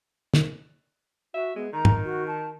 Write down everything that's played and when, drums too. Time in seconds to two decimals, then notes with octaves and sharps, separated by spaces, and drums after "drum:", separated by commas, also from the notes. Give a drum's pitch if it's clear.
0.34 drum: snare
1.34 F#4 E5
1.56 G#3 B3
1.73 D#3 A#5
1.85 drum: tom
2.05 F#4
2.27 A5